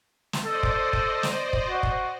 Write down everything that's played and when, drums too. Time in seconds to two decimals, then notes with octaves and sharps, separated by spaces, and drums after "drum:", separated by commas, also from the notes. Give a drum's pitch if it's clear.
0.33 drum: snare
0.45 A4 C5 D5 D#5
0.63 drum: kick
0.93 drum: kick
1.23 drum: snare
1.53 drum: kick
1.68 F#4
1.83 drum: kick